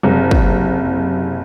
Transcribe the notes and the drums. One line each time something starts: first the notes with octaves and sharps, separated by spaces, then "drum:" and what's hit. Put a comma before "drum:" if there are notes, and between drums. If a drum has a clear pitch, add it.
F#1 C3
drum: kick